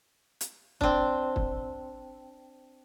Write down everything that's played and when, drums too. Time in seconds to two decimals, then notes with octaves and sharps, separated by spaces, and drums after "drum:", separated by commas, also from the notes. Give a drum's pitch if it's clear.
0.41 drum: hi-hat
0.81 C4 D4, drum: kick
1.36 drum: kick